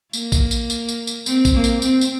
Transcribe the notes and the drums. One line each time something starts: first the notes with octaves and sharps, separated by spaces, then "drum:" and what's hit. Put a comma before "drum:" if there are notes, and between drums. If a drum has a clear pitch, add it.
A#3, drum: tambourine
drum: kick A#1, tambourine
drum: tambourine
drum: tambourine
drum: tambourine
drum: tambourine
C4, drum: tambourine
drum: kick A#1, tambourine
A#3
drum: tambourine
C4, drum: tambourine
drum: tambourine